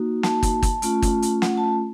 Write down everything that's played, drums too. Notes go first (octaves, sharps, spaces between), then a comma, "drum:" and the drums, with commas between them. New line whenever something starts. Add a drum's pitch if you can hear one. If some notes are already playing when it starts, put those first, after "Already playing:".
Already playing: A#3 D#4 F#4
A5, drum: snare
drum: kick, hi-hat
drum: kick, hi-hat
A3 C#4 F4, drum: hi-hat
drum: kick, hi-hat
drum: hi-hat
F#5, drum: snare
A5